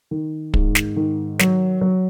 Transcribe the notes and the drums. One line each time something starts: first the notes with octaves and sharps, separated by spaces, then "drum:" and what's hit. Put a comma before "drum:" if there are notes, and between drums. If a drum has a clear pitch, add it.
D#3
G#2, drum: kick
drum: snare
D#3
F#3, drum: snare
F#3